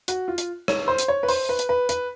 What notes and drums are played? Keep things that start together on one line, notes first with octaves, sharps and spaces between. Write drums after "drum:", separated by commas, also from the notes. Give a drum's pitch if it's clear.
F#4, drum: hi-hat
F4
drum: hi-hat
C#5, drum: rim click
C5
drum: hi-hat
C#5
B4
C5, drum: open hi-hat
B4
drum: hi-hat
B4
B4, drum: hi-hat